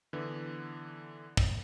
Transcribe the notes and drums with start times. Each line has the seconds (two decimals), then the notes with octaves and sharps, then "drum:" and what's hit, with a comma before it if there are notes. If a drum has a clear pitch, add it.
0.13 D3 E3 B3
1.37 drum: kick